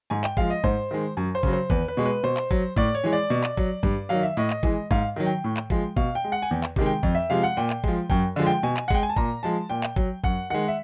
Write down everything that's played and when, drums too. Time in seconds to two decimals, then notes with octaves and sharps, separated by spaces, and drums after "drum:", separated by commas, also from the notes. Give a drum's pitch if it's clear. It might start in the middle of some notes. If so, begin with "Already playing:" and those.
0.10 G#2 G#5
0.24 G5, drum: clap
0.37 F3 G#3 F5, drum: kick
0.50 D#5
0.64 G#2 C5, drum: kick
0.91 D#3 G#3
1.17 F#2
1.35 C5
1.43 C#3 F#3, drum: kick
1.53 C5
1.70 E2 B4, drum: kick
1.88 B4
1.97 B2 G#3
2.06 B4
2.23 B2 C5
2.37 drum: clap
2.51 F#3, drum: kick
2.76 A2 D5, drum: kick
2.94 C#5
3.04 E3 G#3
3.13 D5
3.30 B2
3.44 drum: clap
3.57 F#3, drum: kick
3.83 G2, drum: kick
4.09 D#3 F#3 F5
4.23 E5
4.37 A2 D#5
4.50 drum: clap
4.63 E3 G#3, drum: kick
4.91 G#2 F5, drum: kick
5.16 D#3 F#3
5.26 G5
5.44 A2
5.57 drum: clap
5.70 F3 G#3, drum: kick
5.97 B2 F5, drum: kick
6.15 G5
6.24 G#3
6.32 F#5
6.42 G#5
6.51 E2 G5
6.64 drum: clap
6.76 C3 D#3 G#3, drum: kick
6.86 G5
7.03 F2, drum: kick
7.15 E5
7.30 C3 F3 G#3 F5
7.43 F#5
7.57 A#2 G5
7.70 drum: clap
7.84 F3 G#3, drum: kick
8.10 F#2 G5, drum: kick
8.36 D3 F3 G#3
8.46 G5
8.63 B2 G#5
8.77 drum: clap
8.88 F#5
8.90 G#3 G5, drum: kick
9.03 G#5
9.09 A5
9.16 A#2 A#5, drum: kick
9.43 F3 G#3 A5
9.70 A#2 G5
9.83 drum: clap
9.96 F#3, drum: kick
10.24 F#2 F#5, drum: kick
10.50 D#3 G#3 F#5
10.68 E5